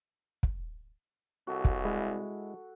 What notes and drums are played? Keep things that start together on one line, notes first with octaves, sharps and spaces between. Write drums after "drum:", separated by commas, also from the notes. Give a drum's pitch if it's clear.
drum: kick
C2 F#4 A4
drum: kick
G#3 E4